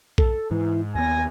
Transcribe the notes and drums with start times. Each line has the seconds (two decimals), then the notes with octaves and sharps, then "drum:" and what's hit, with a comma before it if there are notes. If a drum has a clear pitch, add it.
0.18 A4, drum: kick B1
0.51 G#2 E3
0.95 D#2 B3 G#5 A#6